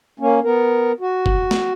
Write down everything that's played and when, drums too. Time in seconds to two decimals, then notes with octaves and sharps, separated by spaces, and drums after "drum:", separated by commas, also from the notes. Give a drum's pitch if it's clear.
0.20 A#3 C#4
0.44 B3 A#4
1.00 F#4
1.26 drum: kick
1.51 drum: snare